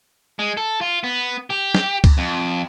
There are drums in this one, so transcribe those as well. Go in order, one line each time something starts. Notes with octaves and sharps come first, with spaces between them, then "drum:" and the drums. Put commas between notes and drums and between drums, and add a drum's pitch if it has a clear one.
G#3
A4
F4
B3
G4
drum: snare
drum: kick C#2, cymbal
F2